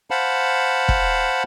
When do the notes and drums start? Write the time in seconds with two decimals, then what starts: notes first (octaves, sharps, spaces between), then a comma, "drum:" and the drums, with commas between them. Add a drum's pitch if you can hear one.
0.11 C5 F5 F#5 A5 B5
0.89 drum: kick